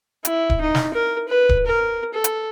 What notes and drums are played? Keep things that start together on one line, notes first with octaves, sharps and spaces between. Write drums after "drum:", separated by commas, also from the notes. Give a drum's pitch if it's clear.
E4, drum: hi-hat
drum: kick D1
D#4
drum: snare
A#4
B4
drum: kick D1
A#4
A4
drum: hi-hat